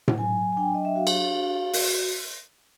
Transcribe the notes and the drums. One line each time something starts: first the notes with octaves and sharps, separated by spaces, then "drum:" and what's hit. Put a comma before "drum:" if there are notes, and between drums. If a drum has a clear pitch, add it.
drum: tom A2
F#3 G#5
G#5
D4 G5
D#5
E5
F#4 F5
drum: cymbal
F#4
F#4, drum: open hi-hat